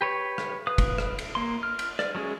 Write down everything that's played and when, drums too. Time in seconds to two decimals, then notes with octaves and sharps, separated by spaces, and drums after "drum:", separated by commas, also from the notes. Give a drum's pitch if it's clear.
0.01 G4 B4 C#5
0.38 drum: rim click
0.67 B4 F5 D#6 F#6
0.78 drum: kick, cymbal
0.98 drum: rim click
1.19 drum: cymbal
1.35 A#3 C6
1.63 F6
1.79 drum: cymbal
1.99 D5, drum: rim click
2.15 F#3 G#3 C#4 G#4